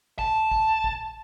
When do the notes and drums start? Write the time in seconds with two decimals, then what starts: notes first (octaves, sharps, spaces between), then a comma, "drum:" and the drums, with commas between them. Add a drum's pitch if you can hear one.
0.19 A5, drum: kick A1
0.51 drum: kick A1
0.84 drum: kick A1